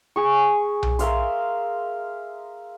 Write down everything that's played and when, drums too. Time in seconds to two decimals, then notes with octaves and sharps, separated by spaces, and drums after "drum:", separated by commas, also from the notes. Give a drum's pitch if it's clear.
0.16 G#4 C#6
0.83 drum: tom B1
0.99 A#4 E5 F5 C6, drum: hi-hat